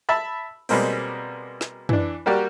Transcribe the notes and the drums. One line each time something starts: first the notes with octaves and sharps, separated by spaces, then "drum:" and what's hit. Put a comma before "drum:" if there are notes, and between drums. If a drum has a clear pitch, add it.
E5 A5 B5
B2 G3 G#3 A#3 C4, drum: open hi-hat
drum: snare
E3 D4, drum: tom
G3 A#3 F#4 G4 D5